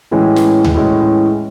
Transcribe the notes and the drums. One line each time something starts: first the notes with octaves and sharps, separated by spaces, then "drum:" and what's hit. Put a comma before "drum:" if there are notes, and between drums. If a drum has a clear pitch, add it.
A2 E3 G#3 C#4
drum: snare
drum: tom D2
A2 E3 G#3 C#4